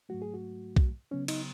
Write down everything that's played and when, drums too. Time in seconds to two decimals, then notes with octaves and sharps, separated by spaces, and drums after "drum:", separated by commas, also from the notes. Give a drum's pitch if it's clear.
0.09 G#2 F#3 A3 F#4
0.22 G#4
0.34 F#4
0.76 drum: kick B1
1.11 C#3 F#3 B3 C#4
1.28 D#4, drum: cymbal